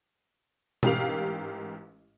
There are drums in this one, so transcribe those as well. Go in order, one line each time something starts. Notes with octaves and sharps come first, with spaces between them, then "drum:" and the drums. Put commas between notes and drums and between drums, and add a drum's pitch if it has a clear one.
A1 G#2 G4 A#4 F5 F7, drum: tom B2